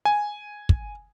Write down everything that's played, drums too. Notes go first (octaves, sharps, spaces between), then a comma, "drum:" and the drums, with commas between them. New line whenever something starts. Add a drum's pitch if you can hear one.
G#5
drum: kick